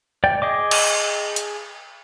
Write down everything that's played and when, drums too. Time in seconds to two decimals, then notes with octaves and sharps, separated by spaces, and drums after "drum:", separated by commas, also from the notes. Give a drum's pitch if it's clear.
0.24 D5 G5
0.42 G#4 D#5 D6
0.71 drum: cymbal
1.36 drum: hi-hat